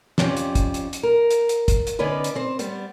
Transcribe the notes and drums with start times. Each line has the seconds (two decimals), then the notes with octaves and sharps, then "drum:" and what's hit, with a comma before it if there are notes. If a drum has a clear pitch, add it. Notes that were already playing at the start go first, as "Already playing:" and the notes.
0.18 F2 C#4 F4 G4 C5 D5, drum: snare
0.37 drum: hi-hat
0.55 drum: kick, hi-hat
0.74 drum: hi-hat
0.93 drum: hi-hat
1.03 A#4
1.30 drum: hi-hat
1.49 drum: hi-hat
1.68 drum: kick, hi-hat
1.87 drum: hi-hat
1.99 D3 B3 C#4 D#4 B4 D5
2.24 drum: hi-hat
2.35 C4 C5
2.59 G3 B3, drum: hi-hat